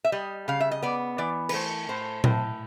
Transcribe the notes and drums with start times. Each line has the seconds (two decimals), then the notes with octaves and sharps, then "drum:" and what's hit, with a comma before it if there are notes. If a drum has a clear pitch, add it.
0.04 E5
0.12 G3 D#5
0.48 C#3 F5
0.60 E5
0.71 D#5
0.82 B3 D5
1.18 E3 D5
1.49 B4, drum: cymbal
1.54 A3 C5
1.89 A2 C5
2.24 A2, drum: tom A#2